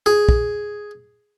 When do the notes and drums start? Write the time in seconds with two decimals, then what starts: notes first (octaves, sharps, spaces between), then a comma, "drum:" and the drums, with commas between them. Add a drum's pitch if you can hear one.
0.06 G#4
0.29 drum: kick